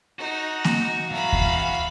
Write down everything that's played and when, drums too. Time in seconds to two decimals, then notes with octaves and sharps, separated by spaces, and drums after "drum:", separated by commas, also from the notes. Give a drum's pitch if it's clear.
0.19 D#4 F#4
0.64 drum: snare A#3
1.11 E3 E5 F5 A#5 B5
1.33 drum: kick D#2